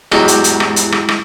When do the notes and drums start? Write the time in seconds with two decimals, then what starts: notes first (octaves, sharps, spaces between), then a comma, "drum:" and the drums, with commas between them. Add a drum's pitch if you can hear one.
0.12 E2 G#2 F#3 G#3 E4 G4 A4, drum: rim click
0.28 drum: hi-hat
0.44 drum: hi-hat
0.60 drum: rim click
0.76 drum: hi-hat
0.92 drum: rim click
1.09 drum: rim click